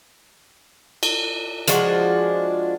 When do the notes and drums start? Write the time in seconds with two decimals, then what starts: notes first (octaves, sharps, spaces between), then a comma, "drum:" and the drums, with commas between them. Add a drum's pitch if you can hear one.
1.03 drum: cymbal
1.68 F3 G#3 D4 F#4, drum: hi-hat